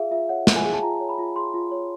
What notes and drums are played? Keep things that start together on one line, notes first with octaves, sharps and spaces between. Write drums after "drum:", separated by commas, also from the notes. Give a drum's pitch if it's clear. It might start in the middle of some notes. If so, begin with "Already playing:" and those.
Already playing: F4 G#4 E5 F5
F4 E5
C#5 F#5
F4, drum: snare
G#5
G#4
A5
F4 A#5
C#5
B5
F4
G#4 C6
F4
C#5